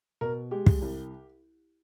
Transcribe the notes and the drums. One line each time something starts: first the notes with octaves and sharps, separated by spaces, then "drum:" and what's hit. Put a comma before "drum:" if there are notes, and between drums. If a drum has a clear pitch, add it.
B2 A#4
G#3 G4
drum: kick
C2